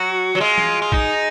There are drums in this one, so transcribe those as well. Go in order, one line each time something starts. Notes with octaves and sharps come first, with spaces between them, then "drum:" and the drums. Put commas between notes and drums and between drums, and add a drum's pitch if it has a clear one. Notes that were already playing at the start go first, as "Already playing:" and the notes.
Already playing: F#3 F#4
F#3
G#3 F4
drum: tom E3
F4
D#4, drum: kick